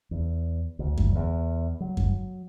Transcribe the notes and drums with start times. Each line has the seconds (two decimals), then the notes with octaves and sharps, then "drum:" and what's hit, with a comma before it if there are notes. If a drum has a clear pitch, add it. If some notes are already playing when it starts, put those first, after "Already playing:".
0.11 E2
0.79 D2
0.98 drum: kick F#2
1.15 E2
1.80 F#3
1.97 drum: kick F#2